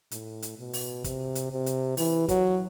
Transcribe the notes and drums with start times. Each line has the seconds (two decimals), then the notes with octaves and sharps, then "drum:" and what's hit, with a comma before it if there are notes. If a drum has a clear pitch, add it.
0.11 A2, drum: hi-hat
0.42 drum: hi-hat
0.58 B2
0.73 drum: open hi-hat
1.04 C3, drum: kick, hi-hat
1.35 drum: hi-hat
1.51 C3
1.66 drum: hi-hat
1.97 E3, drum: open hi-hat
2.28 F#3, drum: kick, hi-hat